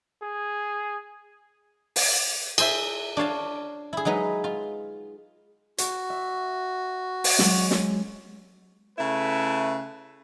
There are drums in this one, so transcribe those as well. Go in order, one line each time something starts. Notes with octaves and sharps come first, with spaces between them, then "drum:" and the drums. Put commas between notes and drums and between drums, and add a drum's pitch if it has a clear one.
G#4
drum: open hi-hat
G#4 C5 E5, drum: cymbal
D4 C#5 F5 A5
E4 G#4
F#3 G#3 D#4 B4
F4
F#4, drum: hi-hat
E5
drum: open hi-hat
F#3 G#3, drum: snare
drum: snare
C#3 A3 E4 B4